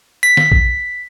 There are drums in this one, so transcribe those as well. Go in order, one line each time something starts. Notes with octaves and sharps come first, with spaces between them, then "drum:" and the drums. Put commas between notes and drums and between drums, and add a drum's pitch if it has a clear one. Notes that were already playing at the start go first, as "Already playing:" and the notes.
B6
drum: snare
drum: kick A#1